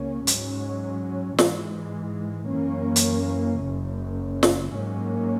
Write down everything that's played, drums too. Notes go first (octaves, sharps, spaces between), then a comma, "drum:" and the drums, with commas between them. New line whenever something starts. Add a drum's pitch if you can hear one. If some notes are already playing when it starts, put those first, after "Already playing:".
Already playing: C#2 C#3 A#3 C#4
G#2 F#3 C#4, drum: hi-hat
G#2 E3 G#3, drum: snare
F#2 E3 A#3 C#4
drum: hi-hat
F#1 F#2 C#3
drum: snare
G#2 F#3 A#3 C#4